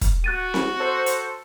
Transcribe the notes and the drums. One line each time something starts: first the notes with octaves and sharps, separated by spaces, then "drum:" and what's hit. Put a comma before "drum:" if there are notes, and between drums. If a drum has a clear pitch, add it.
drum: kick, hi-hat
F#4 F#6 A6 D#7
drum: snare C4
A4 C5
drum: hi-hat